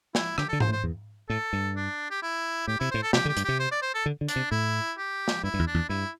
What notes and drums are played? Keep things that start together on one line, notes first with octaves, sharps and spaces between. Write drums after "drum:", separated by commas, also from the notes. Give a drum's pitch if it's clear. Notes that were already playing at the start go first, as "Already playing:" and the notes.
E4, drum: snare
D3 G4, drum: rim click
D3 A4
C5, drum: tom G#2
A2
C5
E2
A2 A4
G2
D4
G4
E4
A2 G4
C3 E4
A2 C5
A4
C3 G4, drum: snare
D3
G4
G2, drum: hi-hat
C3 G4
C5
D5
C5
A4
D3
D3
D4, drum: hi-hat
C3
A2 E4
G4
drum: snare
G2 E4
G2
E2
D4
E2
G2 E4